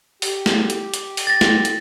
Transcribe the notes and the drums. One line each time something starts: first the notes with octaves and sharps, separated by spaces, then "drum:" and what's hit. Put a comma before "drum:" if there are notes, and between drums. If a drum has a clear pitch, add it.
G4, drum: open hi-hat
drum: snare
drum: hi-hat
drum: hi-hat
drum: open hi-hat
A6 A#6
drum: snare
drum: hi-hat